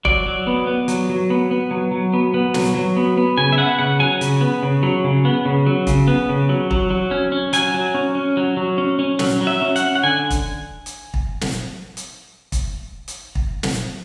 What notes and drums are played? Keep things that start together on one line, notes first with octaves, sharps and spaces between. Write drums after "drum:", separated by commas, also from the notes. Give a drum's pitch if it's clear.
F#3 D5, drum: kick
F#3
B3
B3
F#3, drum: hi-hat
F#3
B3
B3
F#3
F#3
B3
B3
F#3, drum: snare
F#3
B3
B3
C#3 G#5
E5
B3 F#5
C#3 F#5
F#3 G#5
C#3, drum: hi-hat
B3
C#3
F#3
C#3
B3
C#3
F#3
C#3, drum: kick, hi-hat
B3
C#3
F#3
F#3, drum: kick
F#3
C#4
C#4
F#3 G#5, drum: hi-hat
F#3
C#4
C#4
F#3
F#3
C#4
C#4
F#3, drum: snare
F#3
E5
C#4
F#5, drum: hi-hat
C#4
F#5
D3 G#5
drum: kick, hi-hat
drum: hi-hat
drum: kick
drum: snare
drum: hi-hat
drum: kick, hi-hat
drum: hi-hat
drum: kick
drum: snare